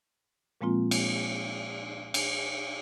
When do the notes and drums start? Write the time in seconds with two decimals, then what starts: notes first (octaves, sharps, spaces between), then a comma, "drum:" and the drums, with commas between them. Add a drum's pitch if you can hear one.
0.61 A#2 F3 G#3 A#3 C4 F4
0.91 drum: cymbal
2.14 drum: cymbal